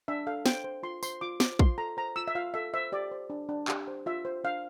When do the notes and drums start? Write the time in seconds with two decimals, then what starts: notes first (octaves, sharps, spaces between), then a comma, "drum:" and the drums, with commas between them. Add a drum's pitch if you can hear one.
0.08 D4 E5
0.27 A4 F5
0.46 C5 G5, drum: snare
0.64 C5
0.83 F4 C6
1.03 C5 C6, drum: tambourine
1.21 F4 D6
1.40 C5 D6, drum: snare
1.59 F4 C6, drum: kick
1.78 A4 A#5
1.97 C5 A#5
2.16 F4 E6
2.28 E5
2.35 F4 F5
2.54 A4 E5
2.74 C5 E5
2.92 G4 D5
3.11 C5
3.30 D4
3.49 D4
3.68 G4, drum: clap
3.88 C5
4.06 F4 E5
4.25 C5
4.44 D4 F5